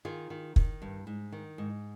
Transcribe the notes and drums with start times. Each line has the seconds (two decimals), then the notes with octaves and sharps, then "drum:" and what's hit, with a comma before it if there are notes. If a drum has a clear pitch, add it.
0.05 D#3 F4 G#4
0.30 D#3
0.56 D#3, drum: kick
0.82 G2
1.07 G#2
1.32 D#3
1.58 G#2